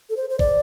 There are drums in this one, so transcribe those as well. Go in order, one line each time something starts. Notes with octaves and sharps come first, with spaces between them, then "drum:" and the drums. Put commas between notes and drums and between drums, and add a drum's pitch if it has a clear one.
A4
C5
C5
D5, drum: kick